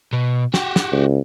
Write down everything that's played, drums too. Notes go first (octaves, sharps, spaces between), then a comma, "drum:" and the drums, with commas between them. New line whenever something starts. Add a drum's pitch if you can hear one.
B2
F#4 G4, drum: snare
drum: snare
C#2